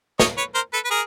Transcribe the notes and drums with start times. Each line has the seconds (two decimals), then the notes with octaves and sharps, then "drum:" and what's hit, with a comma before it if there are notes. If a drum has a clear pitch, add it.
0.20 C#5 D#5, drum: snare
0.37 B4 C#5
0.55 A#4 C5
0.73 A4 B4
0.85 B4
0.90 G#4 A#4